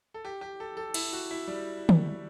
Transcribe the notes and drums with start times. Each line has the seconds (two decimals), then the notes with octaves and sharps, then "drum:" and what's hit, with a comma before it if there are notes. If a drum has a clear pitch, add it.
0.14 A4
0.25 G4
0.41 G4
0.60 A4
0.77 A4
0.94 E4, drum: cymbal
1.13 F#4
1.31 E4
1.48 G3
1.89 drum: tom